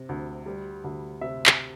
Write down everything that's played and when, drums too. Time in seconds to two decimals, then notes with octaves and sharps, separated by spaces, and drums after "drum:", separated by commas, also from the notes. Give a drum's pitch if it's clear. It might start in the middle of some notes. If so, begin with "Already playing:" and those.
Already playing: C3 C4
0.09 D2
0.46 G3
0.84 D2
1.21 C3 E5
1.46 drum: clap